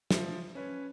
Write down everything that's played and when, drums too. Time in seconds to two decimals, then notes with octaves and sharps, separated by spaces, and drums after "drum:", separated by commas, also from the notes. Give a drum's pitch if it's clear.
0.11 F3 E5, drum: snare
0.55 C#4 B4 C#5